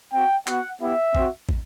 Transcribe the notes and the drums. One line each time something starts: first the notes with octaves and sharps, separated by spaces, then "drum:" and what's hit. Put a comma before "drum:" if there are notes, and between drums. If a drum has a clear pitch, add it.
C4 F#4 G5
B3 F#4 F#5, drum: clap
B3 E4 G4 E5
C4 F#4, drum: kick
drum: kick